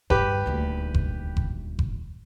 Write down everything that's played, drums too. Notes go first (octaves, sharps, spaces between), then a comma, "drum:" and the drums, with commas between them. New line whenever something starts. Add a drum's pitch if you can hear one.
G2 D3 G4 B4, drum: kick F#1
D#1 D2
drum: kick F#1
drum: kick F#1
drum: kick F#1